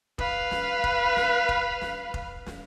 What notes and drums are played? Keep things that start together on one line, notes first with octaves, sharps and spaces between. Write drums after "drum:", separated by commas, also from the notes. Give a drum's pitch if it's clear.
B4 F5, drum: kick F1
drum: snare
drum: kick F1
drum: snare
drum: kick F1
drum: snare
drum: kick F1
drum: snare